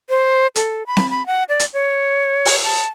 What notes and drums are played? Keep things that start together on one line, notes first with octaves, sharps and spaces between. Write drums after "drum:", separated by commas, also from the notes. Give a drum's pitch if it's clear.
C5
A4, drum: hi-hat
B5
drum: snare C4
B5
F#5
D5
drum: hi-hat
C#5
drum: open hi-hat
A5